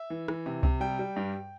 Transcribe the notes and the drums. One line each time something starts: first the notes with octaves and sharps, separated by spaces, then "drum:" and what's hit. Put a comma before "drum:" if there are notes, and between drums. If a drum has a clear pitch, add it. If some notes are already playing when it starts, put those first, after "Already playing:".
Already playing: E5
E3
E3, drum: rim click
C3
C3, drum: kick C2
G3 G5
G3
G2